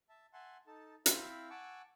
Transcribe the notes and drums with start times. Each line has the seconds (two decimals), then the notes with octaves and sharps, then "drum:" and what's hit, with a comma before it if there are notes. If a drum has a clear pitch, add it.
0.09 E5 A5
0.33 E5 F#5 G#5 A5 C6
0.67 D#4 A4 A5
1.06 C4 E4 C5 E5 F5 B5, drum: hi-hat
1.50 F#5 G#5 A5 C#6 D6 E6